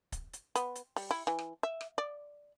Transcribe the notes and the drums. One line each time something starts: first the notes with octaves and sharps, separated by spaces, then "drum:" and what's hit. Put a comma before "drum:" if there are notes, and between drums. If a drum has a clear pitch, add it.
drum: kick, hi-hat
drum: hi-hat
B3, drum: hi-hat
drum: hi-hat
G3, drum: open hi-hat
E4
E3
drum: rim click
E5
drum: rim click
D5